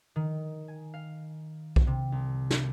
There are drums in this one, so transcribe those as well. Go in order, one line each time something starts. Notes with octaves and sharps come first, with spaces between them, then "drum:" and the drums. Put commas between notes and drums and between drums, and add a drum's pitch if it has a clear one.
D#3
G#5
F5
drum: kick B1
C3
C2
drum: snare